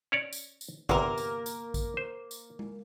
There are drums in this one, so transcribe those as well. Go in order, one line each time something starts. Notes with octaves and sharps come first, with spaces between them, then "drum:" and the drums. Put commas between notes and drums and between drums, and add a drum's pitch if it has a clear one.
C#4 C#5 D5
drum: tambourine
drum: tambourine
G1 E2 C3 A#3 A#4, drum: kick
drum: tambourine
drum: tambourine
drum: kick, tambourine
C5
drum: tambourine
drum: tom G#3